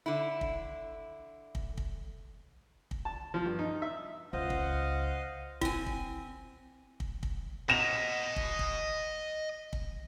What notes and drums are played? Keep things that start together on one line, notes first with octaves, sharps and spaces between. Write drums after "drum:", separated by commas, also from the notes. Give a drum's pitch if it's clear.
D3 E4
drum: kick
drum: kick
drum: kick
drum: kick
A5
F3
G2
D#4
E5
C#2 C5 D#5 F5 F#5
drum: kick
C4 E4 G#5, drum: kick
drum: kick
drum: kick
drum: kick
D#5 F#5 A#6 E7 F7
drum: kick
drum: kick
drum: kick